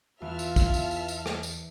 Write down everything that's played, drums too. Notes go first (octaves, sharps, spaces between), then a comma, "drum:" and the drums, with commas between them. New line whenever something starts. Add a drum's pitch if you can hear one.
E2 E3 F4 E5 A5 F6
drum: tambourine
drum: kick, tambourine
drum: tambourine
drum: tambourine
drum: tambourine
drum: rim click
drum: tambourine